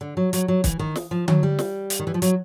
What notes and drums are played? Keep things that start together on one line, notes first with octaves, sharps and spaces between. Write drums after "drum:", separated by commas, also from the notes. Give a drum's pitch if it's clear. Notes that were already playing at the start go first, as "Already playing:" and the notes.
D3
F#3
F#3, drum: hi-hat
F#3
E3, drum: kick, hi-hat
D#3
drum: snare
F3
F#3, drum: tom D3
G3
drum: snare
drum: hi-hat
D#3
E3
F3
F#3, drum: hi-hat